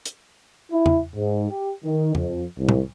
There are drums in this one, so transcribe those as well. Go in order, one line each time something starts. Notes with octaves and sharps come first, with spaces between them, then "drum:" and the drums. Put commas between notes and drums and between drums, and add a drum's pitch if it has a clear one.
drum: hi-hat
E4
drum: tom E2
G#2
G4
D#3
F2, drum: tom E2
C2
drum: tom